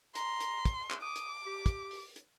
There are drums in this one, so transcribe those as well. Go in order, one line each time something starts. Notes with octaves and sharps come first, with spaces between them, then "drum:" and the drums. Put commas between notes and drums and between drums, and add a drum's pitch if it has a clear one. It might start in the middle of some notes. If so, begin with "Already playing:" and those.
A#5 C6, drum: hi-hat
drum: hi-hat
drum: kick, hi-hat
drum: clap
D6 D#6
drum: hi-hat
G4
drum: kick, hi-hat
drum: open hi-hat
drum: hi-hat